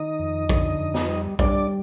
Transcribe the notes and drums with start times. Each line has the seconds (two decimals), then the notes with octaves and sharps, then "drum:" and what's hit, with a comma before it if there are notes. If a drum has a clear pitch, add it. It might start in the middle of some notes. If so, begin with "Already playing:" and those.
Already playing: D#3 D#4 D#5
0.19 F2
0.49 D3, drum: kick A#1
0.80 F2
0.94 drum: snare
1.09 G3
1.39 G3 D4 D5, drum: kick A#1